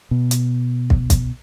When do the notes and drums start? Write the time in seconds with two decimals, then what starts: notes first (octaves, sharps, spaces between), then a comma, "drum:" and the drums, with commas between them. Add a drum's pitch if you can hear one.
0.11 B2
0.31 drum: hi-hat
0.90 drum: kick
1.10 drum: kick, hi-hat